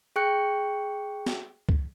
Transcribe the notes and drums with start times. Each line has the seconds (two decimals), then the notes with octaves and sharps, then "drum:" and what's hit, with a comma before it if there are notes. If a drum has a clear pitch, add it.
0.16 G#4 G5 C#6 F#6 C#7
1.26 drum: snare
1.69 drum: kick C#2